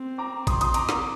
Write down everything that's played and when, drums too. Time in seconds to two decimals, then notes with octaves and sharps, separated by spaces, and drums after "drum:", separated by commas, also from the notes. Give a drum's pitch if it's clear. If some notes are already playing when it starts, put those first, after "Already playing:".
Already playing: C4
0.18 A#5 D6
0.47 C6 D#6, drum: kick A1, cymbal
0.61 C6 D#6, drum: cymbal
0.74 A#5 D6, drum: cymbal
0.89 drum: snare